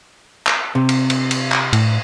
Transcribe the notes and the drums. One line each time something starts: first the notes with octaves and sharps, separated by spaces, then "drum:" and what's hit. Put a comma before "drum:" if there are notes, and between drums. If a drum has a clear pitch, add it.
drum: clap
C3
drum: cymbal
drum: cymbal
drum: cymbal
drum: clap
A2, drum: cymbal